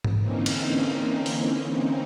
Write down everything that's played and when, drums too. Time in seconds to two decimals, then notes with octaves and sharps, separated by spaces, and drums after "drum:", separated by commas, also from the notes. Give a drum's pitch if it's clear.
0.04 drum: tom G#2
0.19 D3 E3 A#3 C4 C#4 D#4
0.46 drum: cymbal
1.26 drum: open hi-hat